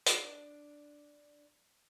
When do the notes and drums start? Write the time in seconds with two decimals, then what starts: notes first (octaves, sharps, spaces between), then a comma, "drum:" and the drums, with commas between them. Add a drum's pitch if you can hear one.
0.06 D4 D5, drum: hi-hat